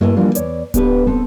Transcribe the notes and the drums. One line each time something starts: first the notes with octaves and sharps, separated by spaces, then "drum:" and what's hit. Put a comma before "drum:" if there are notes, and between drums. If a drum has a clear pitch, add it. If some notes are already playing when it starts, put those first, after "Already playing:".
G2 A3 A#3 E4 A4 E5
E3 F3 G3 A#3 D4 F4
E2 C#5 D5, drum: hi-hat
B3 D4 G4 A4 B4, drum: kick D1, hi-hat
B3 C4 A4